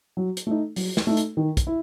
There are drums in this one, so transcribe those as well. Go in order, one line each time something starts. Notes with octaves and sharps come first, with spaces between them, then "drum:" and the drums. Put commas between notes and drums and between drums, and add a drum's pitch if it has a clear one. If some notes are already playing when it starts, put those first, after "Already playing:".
F#3
drum: hi-hat
A3 D#4
F#3, drum: open hi-hat
drum: snare
A3 D#4
drum: hi-hat
D#3
drum: kick, hi-hat
E4